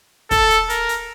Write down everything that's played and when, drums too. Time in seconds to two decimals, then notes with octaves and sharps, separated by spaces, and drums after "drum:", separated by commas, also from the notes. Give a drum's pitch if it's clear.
0.31 A4, drum: kick, hi-hat
0.50 drum: hi-hat
0.69 A#4, drum: hi-hat
0.89 drum: hi-hat